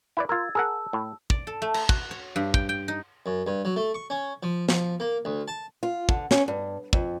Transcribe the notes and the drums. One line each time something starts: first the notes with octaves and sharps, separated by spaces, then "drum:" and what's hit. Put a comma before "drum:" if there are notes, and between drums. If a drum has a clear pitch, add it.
E4 B4 D5
F4 A#4 E6 G#6 A6
G#4 A#4 F#5 A5 E6
A2
D5, drum: kick
A4
A3
A#5, drum: cymbal
F#4, drum: kick
C#5
G2
G5, drum: kick
G5
D#4
F#2
G2
F#3
A3
C#6
C#4
F3
F3, drum: snare
A#3
D2
A5
F4
D3, drum: kick
C#4, drum: snare
G2
F2, drum: kick